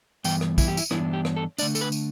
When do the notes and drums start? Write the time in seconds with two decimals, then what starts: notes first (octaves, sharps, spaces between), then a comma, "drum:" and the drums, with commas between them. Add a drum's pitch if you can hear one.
0.24 G2 E3 B3 G5, drum: tambourine
0.41 drum: rim click
0.58 E4, drum: kick, tambourine
0.68 G4
0.77 E4, drum: tambourine
0.91 G2 E3 B3 D4 E4, drum: rim click
1.13 G4
1.25 drum: rim click
1.36 A4
1.58 D3 A3 D4 D5, drum: tambourine
1.75 A4, drum: tambourine
1.81 B4
1.92 drum: tambourine